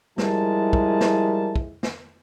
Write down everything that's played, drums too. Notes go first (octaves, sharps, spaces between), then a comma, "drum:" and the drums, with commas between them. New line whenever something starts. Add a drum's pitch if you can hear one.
F3 G3 G#3 E4 A#4 A5, drum: snare
drum: kick
drum: snare
drum: kick
drum: snare